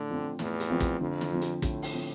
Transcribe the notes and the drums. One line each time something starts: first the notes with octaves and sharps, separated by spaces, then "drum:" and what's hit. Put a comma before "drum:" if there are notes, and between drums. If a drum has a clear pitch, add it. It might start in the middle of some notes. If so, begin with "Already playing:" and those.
Already playing: A2 D3
F3 C4 F4
E2 A2, drum: snare
drum: hi-hat
F3 C4 F4
drum: kick, hi-hat
F2 D3
drum: snare
F3 C4
drum: hi-hat
A2 D3, drum: kick, hi-hat
drum: open hi-hat
F3 C4